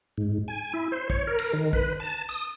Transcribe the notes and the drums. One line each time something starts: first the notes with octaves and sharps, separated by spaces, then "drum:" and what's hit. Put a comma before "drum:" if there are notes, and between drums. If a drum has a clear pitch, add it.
G#2
G#5
E4
C5
C#5, drum: kick
A#4
drum: cymbal
D#3
B4, drum: kick
A5
D#6